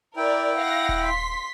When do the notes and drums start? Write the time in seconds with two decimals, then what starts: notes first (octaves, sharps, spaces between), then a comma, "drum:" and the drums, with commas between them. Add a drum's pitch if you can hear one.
0.17 E4 A#4 D5 G5
0.59 F5 F#5 A#6
0.89 drum: kick D#1
1.05 C6 B6